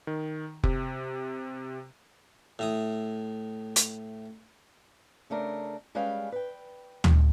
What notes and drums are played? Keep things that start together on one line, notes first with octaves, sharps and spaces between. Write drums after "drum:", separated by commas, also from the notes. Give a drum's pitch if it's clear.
D#3
C3, drum: kick F1
A2 E4 D#6
drum: hi-hat
C#3 A3 D4 A#4
G3 G#3 C#4 B4 F5 G5
B4 G5
drum: tom